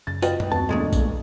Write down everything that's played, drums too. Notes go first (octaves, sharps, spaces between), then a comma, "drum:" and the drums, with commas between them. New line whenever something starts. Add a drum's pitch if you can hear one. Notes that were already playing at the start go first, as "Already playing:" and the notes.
F#2 C#3 A6
F4 F#4 B4 D#5 G5, drum: tambourine
drum: tom F#2
D#2 B3 C4 F#4 A5
B1 E2 G2 A#2 G#3 A3
drum: kick A#1, tambourine